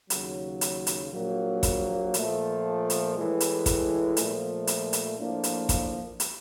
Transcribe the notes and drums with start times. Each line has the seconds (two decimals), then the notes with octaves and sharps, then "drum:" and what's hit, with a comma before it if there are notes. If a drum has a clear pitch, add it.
0.10 D#2 C#3 F#3, drum: hi-hat
0.61 drum: hi-hat
0.87 drum: hi-hat
1.11 A#1 A#2 F#3 A#3
1.63 drum: kick, hi-hat
2.14 A#2 F3 A3, drum: hi-hat
2.90 drum: hi-hat
3.15 A2 E3 G#3
3.40 drum: hi-hat
3.66 drum: kick, hi-hat
4.17 A#2 F3 A3, drum: hi-hat
4.67 drum: hi-hat
4.93 drum: hi-hat
5.18 A2 F3 A#3 D4
5.44 drum: hi-hat
5.69 drum: kick, hi-hat
6.20 drum: hi-hat